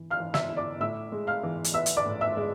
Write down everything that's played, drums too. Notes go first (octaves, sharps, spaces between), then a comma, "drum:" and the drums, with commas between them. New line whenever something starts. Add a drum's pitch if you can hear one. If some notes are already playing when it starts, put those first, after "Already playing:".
Already playing: E3
F5 F6
E3
E5 E6, drum: snare
E4
D5 D6
A2 E5 E6
G#3
F5 F6
E3
drum: hi-hat
B3 E5 E6
drum: hi-hat
D5 D6
A2
E5 E6
G#3